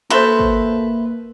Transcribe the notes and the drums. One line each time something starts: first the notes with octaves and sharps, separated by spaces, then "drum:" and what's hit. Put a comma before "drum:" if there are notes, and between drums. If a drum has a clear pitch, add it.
A#3 F#4 A4 B4 C5 E5 C6
drum: kick